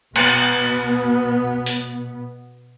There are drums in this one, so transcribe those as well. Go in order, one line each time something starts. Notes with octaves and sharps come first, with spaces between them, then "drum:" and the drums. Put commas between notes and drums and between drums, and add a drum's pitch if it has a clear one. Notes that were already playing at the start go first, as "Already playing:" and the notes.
B2 B3, drum: cymbal
drum: open hi-hat